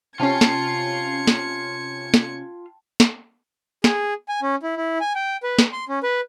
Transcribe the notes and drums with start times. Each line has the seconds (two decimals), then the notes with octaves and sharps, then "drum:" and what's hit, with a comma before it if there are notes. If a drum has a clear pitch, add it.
0.20 C3 C#4 F4 F5 G5 A5 G#6 C#7
0.41 drum: snare
1.27 drum: snare
2.14 drum: snare
3.00 drum: snare
3.84 G#4, drum: snare
4.29 G#5
4.43 C#4
4.63 E4
4.76 E4
5.01 G#5
5.15 G5
5.43 B4
5.59 drum: snare
5.73 C6
5.89 C#4
6.03 B4